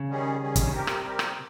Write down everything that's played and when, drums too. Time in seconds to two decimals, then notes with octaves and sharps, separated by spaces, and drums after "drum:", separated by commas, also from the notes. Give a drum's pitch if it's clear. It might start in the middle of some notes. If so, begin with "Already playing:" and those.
Already playing: C#3
0.08 D#3 G3 C#4 G#4
0.40 D#3 G3 C#4 G#4
0.56 drum: kick, hi-hat
0.67 C#3
0.71 C3 G3 C4 G4 A#4
0.87 drum: rim click
1.03 G3 C4 G4 A#4
1.19 drum: rim click